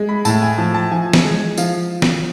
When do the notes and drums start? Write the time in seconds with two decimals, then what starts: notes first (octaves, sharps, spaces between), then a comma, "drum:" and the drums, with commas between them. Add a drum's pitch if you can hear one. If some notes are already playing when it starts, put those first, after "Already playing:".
Already playing: G#3
0.09 B5
0.25 A2 A5, drum: tambourine
0.42 G#5
0.58 F3 A5
0.74 A5
0.92 F3 G#5
1.13 drum: snare
1.25 G#3
1.58 F3 F5, drum: tambourine
2.02 drum: snare